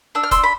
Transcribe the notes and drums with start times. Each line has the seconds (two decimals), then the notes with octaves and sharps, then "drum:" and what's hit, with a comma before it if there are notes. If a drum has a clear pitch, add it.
0.15 D4 E6
0.23 F6
0.31 C6 E6, drum: kick E1, hi-hat
0.43 B5